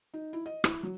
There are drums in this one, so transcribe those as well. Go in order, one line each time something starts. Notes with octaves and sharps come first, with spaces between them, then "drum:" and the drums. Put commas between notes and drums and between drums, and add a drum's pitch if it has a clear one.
D#4
E4
D#5
E4, drum: rim click
F#3